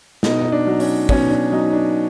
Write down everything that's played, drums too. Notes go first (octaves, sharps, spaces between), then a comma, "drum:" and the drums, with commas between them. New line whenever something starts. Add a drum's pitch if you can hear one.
B2 D#4, drum: snare
D#4
D4
F#3
C#4, drum: open hi-hat
B2 C#4, drum: kick
D4
F#3 D#4
D4